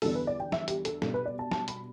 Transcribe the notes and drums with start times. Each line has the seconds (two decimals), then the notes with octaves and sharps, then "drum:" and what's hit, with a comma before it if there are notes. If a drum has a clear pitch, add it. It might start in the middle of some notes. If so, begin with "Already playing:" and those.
0.02 E2 D3 G3 B3 D4 A4, drum: open hi-hat
0.15 B4
0.27 D5
0.40 G5
0.52 E5, drum: snare
0.68 G4, drum: hi-hat
0.85 A4, drum: hi-hat
1.02 B2 G3 B3 D4 A4, drum: snare
1.14 B4
1.26 D5
1.39 A5
1.51 A5, drum: snare
1.68 B5, drum: hi-hat